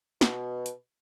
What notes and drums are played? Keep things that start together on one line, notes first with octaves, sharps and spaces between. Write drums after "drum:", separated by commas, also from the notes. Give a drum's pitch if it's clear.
B2, drum: snare
drum: hi-hat